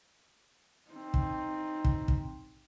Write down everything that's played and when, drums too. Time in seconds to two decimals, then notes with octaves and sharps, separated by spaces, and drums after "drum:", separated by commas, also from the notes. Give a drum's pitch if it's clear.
0.90 C4 D#4
1.14 drum: kick
1.85 drum: kick
2.08 drum: kick